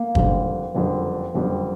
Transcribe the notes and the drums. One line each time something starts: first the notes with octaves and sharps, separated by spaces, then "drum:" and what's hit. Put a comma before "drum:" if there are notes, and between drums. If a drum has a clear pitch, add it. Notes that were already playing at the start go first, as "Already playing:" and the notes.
Already playing: A#3
F#1 F2 D3 G3, drum: kick
F#1 F2 D3 G3
F#1 F2 D3 G3